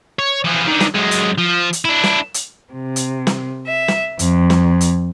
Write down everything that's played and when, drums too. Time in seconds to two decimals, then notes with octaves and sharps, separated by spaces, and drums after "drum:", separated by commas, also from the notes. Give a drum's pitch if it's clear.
0.19 C#5
0.44 E3 F3
0.67 D3 D#3
0.80 drum: snare
0.94 F#2 G#3
1.11 drum: hi-hat
1.38 F3
1.73 drum: hi-hat
1.85 D4 E4
2.04 drum: snare
2.34 drum: hi-hat
2.73 C3
2.96 drum: hi-hat
3.27 drum: snare
3.66 E5
3.88 drum: snare
4.19 F2, drum: hi-hat
4.50 drum: snare
4.81 drum: hi-hat